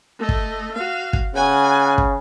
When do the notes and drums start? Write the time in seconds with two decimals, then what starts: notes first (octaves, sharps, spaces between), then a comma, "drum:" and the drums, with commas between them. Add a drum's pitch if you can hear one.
0.19 A3 D#5
0.29 drum: kick
0.74 F#4 F5
1.13 drum: kick
1.34 C#3 F#5 G#5
1.98 drum: kick